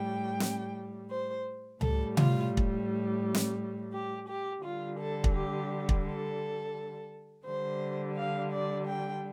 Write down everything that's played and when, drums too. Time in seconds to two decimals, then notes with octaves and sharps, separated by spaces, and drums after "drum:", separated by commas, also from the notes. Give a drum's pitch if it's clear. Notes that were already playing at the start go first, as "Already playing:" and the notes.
Already playing: A2 G3 G5
0.40 drum: snare
1.10 C5
1.81 A2 G3 A4, drum: tom C#2
2.17 F4, drum: tom C3
2.57 drum: kick
3.34 drum: snare
3.93 G4
4.27 G4
4.63 D3 G3 F4
4.98 A4
5.24 drum: kick
5.33 G4
5.89 drum: kick
6.04 A4
7.45 D3 G3 C5
8.16 F5
8.51 D5
8.87 G5